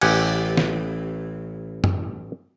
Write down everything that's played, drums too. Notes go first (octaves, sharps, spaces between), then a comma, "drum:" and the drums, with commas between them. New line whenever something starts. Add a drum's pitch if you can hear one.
A1 G4 F#5 G#5, drum: cymbal
drum: snare
drum: tom F#2